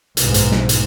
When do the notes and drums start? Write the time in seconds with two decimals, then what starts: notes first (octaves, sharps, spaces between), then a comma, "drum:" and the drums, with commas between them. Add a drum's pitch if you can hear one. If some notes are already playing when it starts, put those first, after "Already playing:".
0.17 B1 G#2, drum: hi-hat
0.34 drum: hi-hat
0.52 drum: snare
0.69 drum: hi-hat